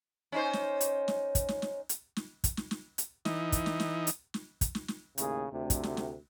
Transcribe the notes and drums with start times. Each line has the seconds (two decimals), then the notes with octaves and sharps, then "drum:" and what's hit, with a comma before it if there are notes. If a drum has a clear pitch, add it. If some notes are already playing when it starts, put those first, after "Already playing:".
0.32 C#4 D#4 C5
0.53 drum: snare
0.81 drum: hi-hat
1.08 drum: snare
1.35 drum: kick, hi-hat
1.49 drum: snare
1.62 drum: snare
1.89 drum: hi-hat
2.16 drum: snare
2.44 drum: kick, hi-hat
2.57 drum: snare
2.71 drum: snare
2.98 drum: hi-hat
3.25 E3 D#4, drum: snare
3.52 drum: kick, hi-hat
3.66 drum: snare
3.80 drum: snare
4.07 drum: hi-hat
4.34 drum: snare
4.61 drum: kick, hi-hat
4.75 drum: snare
4.88 drum: snare
5.18 D#2 A2 C#3 G#4, drum: hi-hat
5.51 D2 C3
5.70 drum: kick, hi-hat
5.83 drum: snare
5.97 drum: snare